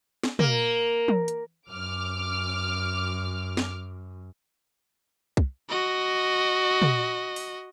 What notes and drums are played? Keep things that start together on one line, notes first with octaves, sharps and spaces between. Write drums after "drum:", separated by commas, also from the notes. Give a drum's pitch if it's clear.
drum: snare
A#3, drum: tom
drum: tom
drum: hi-hat
F#2 D6 F6
drum: snare
drum: kick
F#4 D#5
drum: tom
drum: open hi-hat